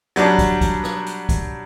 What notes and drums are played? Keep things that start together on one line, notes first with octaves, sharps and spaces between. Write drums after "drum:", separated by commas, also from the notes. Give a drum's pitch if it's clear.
F#3 G3 D4, drum: hi-hat
drum: kick, hi-hat
drum: kick, hi-hat
drum: rim click
drum: hi-hat
drum: kick, hi-hat